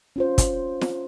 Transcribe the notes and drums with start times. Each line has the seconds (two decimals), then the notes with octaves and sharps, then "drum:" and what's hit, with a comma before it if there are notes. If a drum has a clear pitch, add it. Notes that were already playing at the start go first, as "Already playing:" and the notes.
0.16 C#4 F4 C5
0.38 drum: kick, hi-hat
0.81 drum: snare